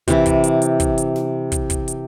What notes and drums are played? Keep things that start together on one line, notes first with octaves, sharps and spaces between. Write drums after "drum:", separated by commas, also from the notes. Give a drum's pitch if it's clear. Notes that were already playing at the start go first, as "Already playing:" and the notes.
C3 E3, drum: kick, hi-hat
drum: kick, hi-hat
drum: hi-hat
drum: hi-hat
drum: kick, hi-hat
drum: hi-hat
drum: snare
drum: kick, hi-hat
drum: kick, hi-hat
drum: hi-hat